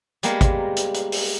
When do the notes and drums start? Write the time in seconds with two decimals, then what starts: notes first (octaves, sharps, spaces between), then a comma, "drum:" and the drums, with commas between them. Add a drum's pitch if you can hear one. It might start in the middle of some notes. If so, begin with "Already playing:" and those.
0.23 G3 G#3 A#3 B3 A#4, drum: hi-hat
0.41 drum: kick, hi-hat
0.76 drum: hi-hat
0.94 drum: hi-hat
1.12 drum: open hi-hat